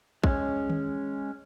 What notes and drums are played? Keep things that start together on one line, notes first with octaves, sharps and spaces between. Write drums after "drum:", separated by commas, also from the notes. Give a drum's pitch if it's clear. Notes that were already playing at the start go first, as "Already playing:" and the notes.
G#3 C#4, drum: kick
drum: tom D#3